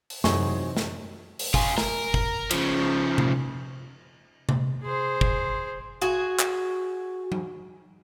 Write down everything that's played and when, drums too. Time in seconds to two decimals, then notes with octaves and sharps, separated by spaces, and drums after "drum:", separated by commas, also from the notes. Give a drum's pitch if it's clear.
0.10 drum: open hi-hat
0.24 F#2 C3 E3 F#3 C4 D#4 G#4 C#6, drum: snare
0.77 drum: snare
1.39 drum: open hi-hat
1.54 F4 G#4, drum: kick
1.78 A#4, drum: snare
2.14 drum: kick
2.51 C#3 F3, drum: cymbal
3.18 drum: tom C3
4.49 drum: tom C3
4.83 G#4 C5
5.21 drum: kick
6.01 F#4 G#4
6.39 drum: clap
7.32 drum: tom F#3